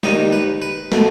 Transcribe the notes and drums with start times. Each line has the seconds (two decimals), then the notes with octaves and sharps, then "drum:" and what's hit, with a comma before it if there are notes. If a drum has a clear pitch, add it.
0.03 D#2 D#3 G3 D#4 D#5, drum: snare
0.32 B4
0.62 B4
0.92 B2 A3, drum: snare